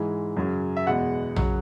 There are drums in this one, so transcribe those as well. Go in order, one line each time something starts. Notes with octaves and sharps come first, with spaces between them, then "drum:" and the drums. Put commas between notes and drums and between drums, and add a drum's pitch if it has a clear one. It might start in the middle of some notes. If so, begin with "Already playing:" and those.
Already playing: G#2 E3 G#3
F#2 C#3 F#3
E5
E2 B2 G#3 F#5
C#3 F#3, drum: tom A#1